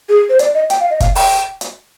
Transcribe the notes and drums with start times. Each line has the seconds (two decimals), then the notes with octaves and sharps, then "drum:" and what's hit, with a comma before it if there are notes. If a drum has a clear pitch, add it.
0.09 G#4
0.29 C5
0.39 D5, drum: hi-hat
0.55 D#5
0.70 G5, drum: hi-hat
0.80 F5
0.90 D#5
1.00 F5, drum: kick, hi-hat
1.15 G5, drum: open hi-hat
1.61 drum: hi-hat